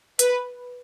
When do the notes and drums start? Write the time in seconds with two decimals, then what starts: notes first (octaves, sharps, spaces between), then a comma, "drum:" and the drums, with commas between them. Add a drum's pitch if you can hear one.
0.19 B4, drum: hi-hat